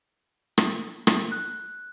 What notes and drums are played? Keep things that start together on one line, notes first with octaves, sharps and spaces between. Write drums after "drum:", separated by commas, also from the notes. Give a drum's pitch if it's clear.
drum: rim click
drum: rim click
F#6